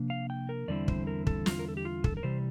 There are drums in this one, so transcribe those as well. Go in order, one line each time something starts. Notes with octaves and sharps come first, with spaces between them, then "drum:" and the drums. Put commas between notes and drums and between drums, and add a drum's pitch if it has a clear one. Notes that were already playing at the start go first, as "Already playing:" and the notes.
Already playing: C3 F3 A#3 D4
F5
G5
A#4
E2 D3 G3 C4 E4 D5
C5, drum: kick
A#4
A4, drum: kick
F4, drum: snare
A#4
A4
G4
F4
A4, drum: kick
A#4
C3 E3 G3 C5